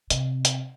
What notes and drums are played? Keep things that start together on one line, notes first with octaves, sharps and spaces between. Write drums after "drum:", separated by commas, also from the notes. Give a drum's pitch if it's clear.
C3, drum: hi-hat
drum: hi-hat